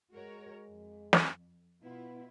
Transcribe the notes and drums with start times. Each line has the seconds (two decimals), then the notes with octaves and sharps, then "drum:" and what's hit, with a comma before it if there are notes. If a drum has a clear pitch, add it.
0.12 G#3 F#4 A#4 C#5
0.67 F2
1.13 drum: snare
1.85 B2 B3 E4 F4